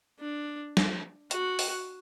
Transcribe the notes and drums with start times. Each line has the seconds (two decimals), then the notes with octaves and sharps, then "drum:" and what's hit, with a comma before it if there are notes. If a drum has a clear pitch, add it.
0.20 D4
0.77 drum: snare
1.31 F#4, drum: hi-hat
1.59 drum: open hi-hat